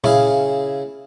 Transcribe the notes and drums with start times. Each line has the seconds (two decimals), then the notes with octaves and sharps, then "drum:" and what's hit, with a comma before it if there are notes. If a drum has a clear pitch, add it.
0.04 C#3 E4 G#4 F5, drum: tom A#2